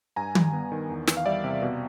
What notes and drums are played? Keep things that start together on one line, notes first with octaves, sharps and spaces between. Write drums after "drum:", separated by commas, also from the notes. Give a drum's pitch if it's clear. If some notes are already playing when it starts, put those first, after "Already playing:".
G2 G#5 A#5
G3, drum: tom
B3
D#3
E2
E3, drum: snare
F5
G3 D5 E5
C3
B2